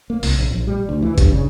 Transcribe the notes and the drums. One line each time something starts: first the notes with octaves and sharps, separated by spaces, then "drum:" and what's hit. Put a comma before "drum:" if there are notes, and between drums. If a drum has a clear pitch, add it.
A#3
C2, drum: open hi-hat
A#1
A#1
G3
D2
E3
G2, drum: kick, hi-hat
C#3